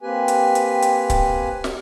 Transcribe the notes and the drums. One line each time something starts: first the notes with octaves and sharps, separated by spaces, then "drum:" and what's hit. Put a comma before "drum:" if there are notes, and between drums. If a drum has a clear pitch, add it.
A#3 C4 G4 B4 G#5
drum: hi-hat
drum: hi-hat
drum: hi-hat
drum: kick C#1, hi-hat
drum: snare